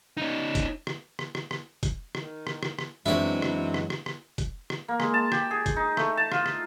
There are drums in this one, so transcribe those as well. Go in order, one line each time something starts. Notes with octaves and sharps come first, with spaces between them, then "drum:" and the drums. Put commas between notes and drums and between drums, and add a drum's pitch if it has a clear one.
C#4 D#4
drum: kick, hi-hat
drum: rim click
drum: rim click
drum: rim click
drum: rim click
drum: kick, hi-hat
D#3, drum: rim click
drum: rim click
drum: rim click
drum: rim click
F#2 E3 F#3 G#3 C4 D4 E4 C#5
drum: rim click
drum: rim click
drum: rim click
drum: rim click
drum: kick, hi-hat
drum: rim click
A#3
G#3, drum: rim click
A5
G4, drum: rim click
G#4
drum: kick, hi-hat
D#4
A3, drum: rim click
A5
F4, drum: rim click
drum: rim click